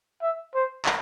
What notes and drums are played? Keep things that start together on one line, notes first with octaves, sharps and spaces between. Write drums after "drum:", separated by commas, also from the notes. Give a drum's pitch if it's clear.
E5
C5
drum: clap